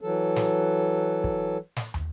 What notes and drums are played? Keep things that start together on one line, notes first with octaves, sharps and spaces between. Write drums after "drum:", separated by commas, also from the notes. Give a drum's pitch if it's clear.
E3 F#3 A4
drum: snare
drum: kick
drum: snare
drum: tom